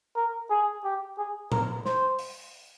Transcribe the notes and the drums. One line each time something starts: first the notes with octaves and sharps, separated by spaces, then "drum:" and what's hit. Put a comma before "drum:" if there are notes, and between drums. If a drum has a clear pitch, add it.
A#4
G#4
G4
G#4
A#4, drum: tom A2
C5, drum: snare
drum: open hi-hat